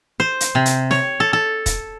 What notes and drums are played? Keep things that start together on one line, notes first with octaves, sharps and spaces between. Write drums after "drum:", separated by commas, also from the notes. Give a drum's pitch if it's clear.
C5
drum: hi-hat
C3
drum: hi-hat
C#5, drum: snare
A4
A4
drum: kick, hi-hat